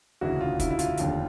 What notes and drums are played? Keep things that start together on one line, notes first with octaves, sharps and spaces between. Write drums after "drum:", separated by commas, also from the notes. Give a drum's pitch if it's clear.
E1 D2 C#3 E3 F#4
F4
E4, drum: kick, hi-hat
E4
F4, drum: hi-hat
F1 D#2 D3, drum: hi-hat